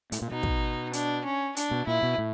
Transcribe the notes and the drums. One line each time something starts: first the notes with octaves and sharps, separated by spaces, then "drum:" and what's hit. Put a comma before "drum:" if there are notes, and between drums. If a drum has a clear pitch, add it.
A2, drum: hi-hat
A#2
B2 D#4
drum: kick
D4, drum: hi-hat
C#4
D4, drum: hi-hat
B2
A#2 E4
B2
A2